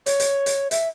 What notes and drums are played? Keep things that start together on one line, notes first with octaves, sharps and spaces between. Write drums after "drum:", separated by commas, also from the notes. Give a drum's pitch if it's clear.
C#5, drum: hi-hat
drum: hi-hat
drum: hi-hat
E5, drum: hi-hat